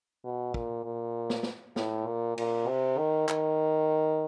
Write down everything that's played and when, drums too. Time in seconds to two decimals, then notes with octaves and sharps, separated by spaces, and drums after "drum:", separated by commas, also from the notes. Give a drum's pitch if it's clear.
0.24 B2
0.54 A#2, drum: kick
0.85 A#2
1.30 drum: snare
1.43 drum: snare
1.76 A2, drum: snare
2.07 A#2
2.38 A#2, drum: cymbal
2.68 C3
2.98 D#3
3.29 D#3, drum: clap